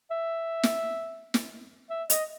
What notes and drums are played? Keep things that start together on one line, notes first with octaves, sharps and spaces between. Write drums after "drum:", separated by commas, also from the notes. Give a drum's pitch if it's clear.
E5
drum: snare
drum: snare
E5
D#5, drum: hi-hat